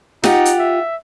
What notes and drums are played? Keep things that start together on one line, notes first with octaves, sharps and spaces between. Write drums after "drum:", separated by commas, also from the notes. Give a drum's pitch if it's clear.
D#4 F4 G4 F#5, drum: snare
drum: hi-hat
E5